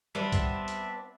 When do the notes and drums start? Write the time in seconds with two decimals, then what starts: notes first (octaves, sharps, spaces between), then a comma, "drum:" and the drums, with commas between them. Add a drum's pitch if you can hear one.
0.15 G3 B3 C4 D4 E5
0.32 drum: kick B1, hi-hat
0.68 drum: hi-hat